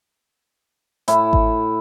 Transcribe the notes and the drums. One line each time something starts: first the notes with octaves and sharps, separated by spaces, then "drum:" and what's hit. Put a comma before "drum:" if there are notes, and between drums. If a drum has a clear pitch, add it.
A2 E4, drum: hi-hat
drum: kick G#1